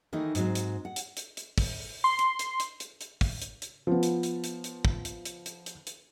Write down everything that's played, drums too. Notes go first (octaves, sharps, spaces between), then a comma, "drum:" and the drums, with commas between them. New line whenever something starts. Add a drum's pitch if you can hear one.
D#3 E3 A3 D#4
G#2 F#3 C4, drum: hi-hat
drum: hi-hat
F#5
drum: hi-hat
drum: hi-hat
drum: hi-hat
drum: kick, open hi-hat
C6
drum: hi-hat
drum: hi-hat
drum: hi-hat
drum: hi-hat
drum: hi-hat
drum: kick, open hi-hat
drum: hi-hat
drum: hi-hat
F3 B3
drum: hi-hat
drum: hi-hat
drum: hi-hat
drum: hi-hat
drum: kick
drum: hi-hat
drum: hi-hat
drum: hi-hat
drum: hi-hat
drum: hi-hat